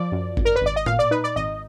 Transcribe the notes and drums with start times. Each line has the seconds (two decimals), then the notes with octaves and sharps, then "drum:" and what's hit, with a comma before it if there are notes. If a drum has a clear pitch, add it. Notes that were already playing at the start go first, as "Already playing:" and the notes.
Already playing: F3 D5
0.12 F#2
0.37 G#1, drum: kick G#1
0.45 A#4
0.56 B4
0.61 G#1 D5
0.76 D#5
0.86 A#2 F5, drum: tom A2
0.99 D5
1.11 D#4 B4
1.24 D5
1.36 G#1 D#5